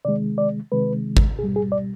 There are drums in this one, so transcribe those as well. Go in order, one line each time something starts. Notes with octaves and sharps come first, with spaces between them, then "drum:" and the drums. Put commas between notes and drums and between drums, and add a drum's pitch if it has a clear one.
C3 D#3 G#3 D5
D5
C3 D#3 G#3 B4
drum: kick G#1
B2 G3 G#4
G#4
D5